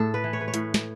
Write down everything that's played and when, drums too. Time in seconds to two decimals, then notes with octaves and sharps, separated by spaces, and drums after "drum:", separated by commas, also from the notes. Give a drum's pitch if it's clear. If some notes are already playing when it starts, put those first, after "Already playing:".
Already playing: A2 A4
0.14 B4
0.24 E3
0.33 C#5
0.41 B4
0.48 C#5
0.54 A2, drum: hi-hat
0.74 drum: snare